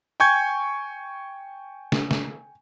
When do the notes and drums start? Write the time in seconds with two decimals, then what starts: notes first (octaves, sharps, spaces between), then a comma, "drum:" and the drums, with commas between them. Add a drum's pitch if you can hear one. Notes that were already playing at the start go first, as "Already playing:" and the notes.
0.20 G5 G#5 C#6 G6 G#6
1.92 drum: snare
2.11 drum: snare